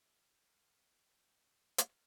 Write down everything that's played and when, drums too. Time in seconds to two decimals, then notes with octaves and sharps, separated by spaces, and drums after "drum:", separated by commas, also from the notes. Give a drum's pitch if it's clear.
0.01 E5
0.15 F5
0.30 G5
0.45 F5
0.90 G5
1.78 F5, drum: hi-hat